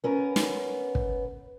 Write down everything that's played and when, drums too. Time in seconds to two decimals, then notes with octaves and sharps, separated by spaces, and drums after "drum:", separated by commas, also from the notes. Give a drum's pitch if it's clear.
0.04 B3 C#4 A#4
0.36 drum: snare
0.95 drum: kick